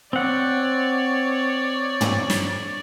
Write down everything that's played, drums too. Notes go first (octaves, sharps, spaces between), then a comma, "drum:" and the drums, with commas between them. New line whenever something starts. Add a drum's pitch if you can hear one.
C4 C#5 D5 F#5
drum: tom
drum: snare